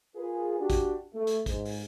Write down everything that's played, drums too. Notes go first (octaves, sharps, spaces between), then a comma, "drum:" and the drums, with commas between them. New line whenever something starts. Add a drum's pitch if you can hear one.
F4 G#4 A#4 B4
D4 F#4 G4
drum: kick, hi-hat
A3
drum: hi-hat
G#2, drum: kick, hi-hat
drum: open hi-hat